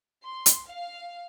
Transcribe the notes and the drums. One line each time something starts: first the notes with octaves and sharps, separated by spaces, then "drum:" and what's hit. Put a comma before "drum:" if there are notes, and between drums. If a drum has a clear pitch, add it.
C6
drum: hi-hat
F5